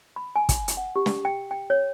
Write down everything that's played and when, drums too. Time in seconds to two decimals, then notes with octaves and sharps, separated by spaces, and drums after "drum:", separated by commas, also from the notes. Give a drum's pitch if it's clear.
0.16 B5
0.36 G#5
0.49 drum: kick, hi-hat
0.68 drum: hi-hat
0.77 F#5
0.96 G4
1.06 drum: snare
1.25 G5
1.51 G5
1.70 C#5